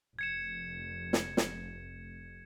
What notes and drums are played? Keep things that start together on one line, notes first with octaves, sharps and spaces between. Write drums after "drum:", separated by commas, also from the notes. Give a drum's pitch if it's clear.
F1 G#6 C#7 E7
drum: snare
drum: snare